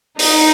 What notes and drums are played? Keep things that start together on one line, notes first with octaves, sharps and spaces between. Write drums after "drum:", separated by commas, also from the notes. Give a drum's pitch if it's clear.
D#4, drum: open hi-hat